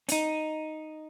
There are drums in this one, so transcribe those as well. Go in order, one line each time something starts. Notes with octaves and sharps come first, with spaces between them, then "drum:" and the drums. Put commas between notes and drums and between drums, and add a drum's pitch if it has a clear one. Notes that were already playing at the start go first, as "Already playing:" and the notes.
C#4, drum: hi-hat
D#4